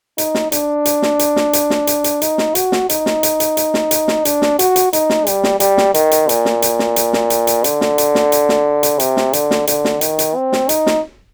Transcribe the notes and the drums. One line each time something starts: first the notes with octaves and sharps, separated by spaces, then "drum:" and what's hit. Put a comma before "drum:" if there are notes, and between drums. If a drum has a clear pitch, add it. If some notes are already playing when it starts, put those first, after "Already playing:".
D#4, drum: hi-hat
drum: snare
D4, drum: hi-hat
drum: hi-hat
drum: snare
drum: hi-hat
drum: snare
drum: hi-hat
drum: snare
drum: hi-hat
drum: hi-hat
D#4, drum: hi-hat
drum: snare
F#4, drum: hi-hat
drum: snare
D#4, drum: hi-hat
drum: snare
drum: hi-hat
drum: hi-hat
drum: hi-hat
drum: snare
drum: hi-hat
drum: snare
D4, drum: hi-hat
drum: snare
F#4, drum: hi-hat
drum: hi-hat
D#4, drum: hi-hat
drum: snare
G3, drum: hi-hat
drum: snare
G3, drum: hi-hat
drum: snare
D#3, drum: hi-hat
drum: hi-hat
A#2, drum: hi-hat
drum: snare
drum: hi-hat
drum: snare
drum: hi-hat
drum: snare
drum: hi-hat
drum: hi-hat
D3, drum: hi-hat
drum: snare
drum: hi-hat
drum: snare
drum: hi-hat
drum: snare
drum: hi-hat
C3, drum: hi-hat
drum: snare
D3, drum: hi-hat
drum: snare
D3, drum: hi-hat
drum: snare
D#3, drum: hi-hat
drum: hi-hat
C4
drum: snare
D#4, drum: hi-hat
drum: snare